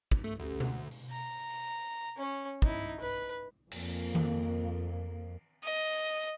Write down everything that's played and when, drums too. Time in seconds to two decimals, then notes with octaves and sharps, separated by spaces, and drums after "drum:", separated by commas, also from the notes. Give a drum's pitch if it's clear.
0.11 drum: kick
0.24 A3
0.40 D2 C#4 G4 A4
0.60 F#5, drum: tom B2
0.91 drum: open hi-hat
1.10 A#5
1.49 drum: open hi-hat
2.17 C#4 C#5
2.62 D#4 E4, drum: kick
3.00 B4
3.72 F2 A#3, drum: cymbal
4.15 drum: tom D#3
5.63 D#5